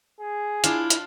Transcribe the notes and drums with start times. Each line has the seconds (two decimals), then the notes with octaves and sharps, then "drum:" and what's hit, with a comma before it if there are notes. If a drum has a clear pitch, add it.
0.20 G#4
0.64 D4 E4 F4, drum: hi-hat
0.90 drum: hi-hat